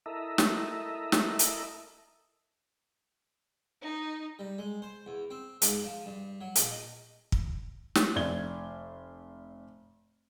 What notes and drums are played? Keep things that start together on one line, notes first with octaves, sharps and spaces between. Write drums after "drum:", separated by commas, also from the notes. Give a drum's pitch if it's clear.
E4 A4 A#4 D#5 E5
drum: snare
drum: snare
drum: hi-hat
D#4
G3
G#3
C5
E2
C4
G#2, drum: hi-hat
F3
G2
F#3
A#1, drum: hi-hat
D#5
drum: kick
drum: snare
F1 D5 G#6 G7